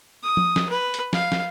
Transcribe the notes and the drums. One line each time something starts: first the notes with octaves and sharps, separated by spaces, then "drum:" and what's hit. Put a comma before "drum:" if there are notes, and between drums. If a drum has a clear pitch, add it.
D#6
drum: tom
drum: snare
B4
drum: hi-hat
F5, drum: snare
drum: snare